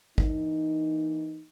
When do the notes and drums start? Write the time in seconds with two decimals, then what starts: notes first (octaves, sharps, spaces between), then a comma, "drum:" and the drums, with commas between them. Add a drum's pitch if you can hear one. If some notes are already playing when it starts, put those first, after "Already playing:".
0.18 E3 A#3 D#4, drum: kick